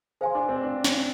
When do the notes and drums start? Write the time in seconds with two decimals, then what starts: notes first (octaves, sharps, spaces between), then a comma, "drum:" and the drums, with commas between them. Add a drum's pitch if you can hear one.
0.21 G#4 C5 F5 G#5 C6
0.35 D4
0.49 C4
0.63 D4
0.84 drum: snare